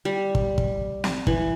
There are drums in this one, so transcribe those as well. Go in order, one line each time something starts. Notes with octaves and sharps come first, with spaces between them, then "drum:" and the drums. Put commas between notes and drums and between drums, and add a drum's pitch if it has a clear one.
G3
drum: kick
drum: kick
drum: snare
E3, drum: kick